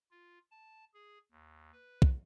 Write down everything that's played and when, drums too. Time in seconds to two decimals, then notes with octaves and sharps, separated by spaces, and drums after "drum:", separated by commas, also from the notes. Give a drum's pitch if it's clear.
0.11 F4
0.51 A5
0.94 G#4
1.31 D#2
1.72 B4
2.02 drum: kick